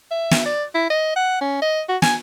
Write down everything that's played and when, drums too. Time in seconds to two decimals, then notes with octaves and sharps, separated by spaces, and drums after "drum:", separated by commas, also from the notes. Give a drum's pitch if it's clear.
0.11 E5
0.31 drum: snare
0.46 D5
0.74 E4
0.90 D#5
1.16 F#5
1.41 C#4
1.62 D#5
1.89 F#4
2.02 G#5, drum: snare